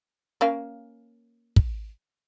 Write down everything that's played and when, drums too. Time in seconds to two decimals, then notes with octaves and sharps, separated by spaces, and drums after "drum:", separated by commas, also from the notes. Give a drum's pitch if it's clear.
0.41 A#3 C#4 F5
1.56 drum: kick